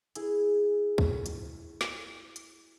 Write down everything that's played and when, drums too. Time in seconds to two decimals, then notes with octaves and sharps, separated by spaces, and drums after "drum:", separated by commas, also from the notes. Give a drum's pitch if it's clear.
0.15 E4 G#4, drum: hi-hat
0.98 drum: kick
1.26 drum: hi-hat
1.81 drum: snare
2.36 drum: hi-hat